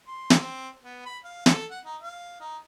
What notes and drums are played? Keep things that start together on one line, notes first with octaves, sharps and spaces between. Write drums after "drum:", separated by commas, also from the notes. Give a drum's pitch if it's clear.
C6
drum: snare
C4
B3
B5
F5
A4, drum: snare
F#5
D#4
F5
D#4